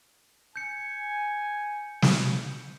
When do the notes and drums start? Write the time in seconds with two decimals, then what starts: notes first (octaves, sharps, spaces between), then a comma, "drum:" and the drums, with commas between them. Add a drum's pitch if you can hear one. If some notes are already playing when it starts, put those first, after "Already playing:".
0.56 G#5 G6 C#7
2.02 drum: snare